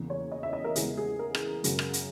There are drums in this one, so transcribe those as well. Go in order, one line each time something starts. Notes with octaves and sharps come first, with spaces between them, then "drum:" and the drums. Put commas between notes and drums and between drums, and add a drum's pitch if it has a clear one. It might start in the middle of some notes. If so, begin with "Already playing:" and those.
Already playing: E2 C#3 E3 A#3
C#5
D#5
E5
D#5
A#4
E2 C#3 E3 G#3 B3 G#4, drum: hi-hat
G#4
A#4
drum: rim click
F#2 C#3 F#3, drum: hi-hat
drum: rim click
drum: hi-hat